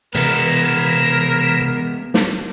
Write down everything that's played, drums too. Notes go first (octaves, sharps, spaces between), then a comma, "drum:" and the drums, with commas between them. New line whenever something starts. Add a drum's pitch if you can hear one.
C3 E3 G#3 B3 A#4, drum: hi-hat
drum: snare